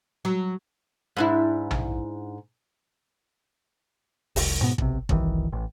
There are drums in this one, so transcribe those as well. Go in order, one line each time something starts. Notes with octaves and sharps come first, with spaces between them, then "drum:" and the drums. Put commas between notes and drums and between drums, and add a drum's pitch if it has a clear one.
F#3
G#2 D4 E4
drum: tom
F1 C2, drum: open hi-hat
G#2 B2 B3
B1 C3, drum: kick
F#1 C2 D#3 E3, drum: kick
A1